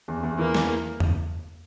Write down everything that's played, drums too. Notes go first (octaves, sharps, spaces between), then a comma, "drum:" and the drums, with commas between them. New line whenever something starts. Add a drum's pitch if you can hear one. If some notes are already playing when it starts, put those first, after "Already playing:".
E2
E2
E3 A#3
E2, drum: snare
drum: tom E2